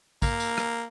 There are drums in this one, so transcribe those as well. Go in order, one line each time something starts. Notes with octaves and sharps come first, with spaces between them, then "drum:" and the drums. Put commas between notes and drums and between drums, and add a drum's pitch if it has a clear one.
A#3, drum: kick, tambourine
drum: tambourine
drum: rim click